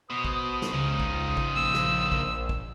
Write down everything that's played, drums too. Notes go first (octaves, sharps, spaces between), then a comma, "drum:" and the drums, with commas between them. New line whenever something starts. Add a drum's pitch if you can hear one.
B2 C5 D#6
drum: kick
drum: snare
C#2 C#3 D#4
drum: kick
drum: kick
A#1 E6
drum: snare
drum: kick
drum: kick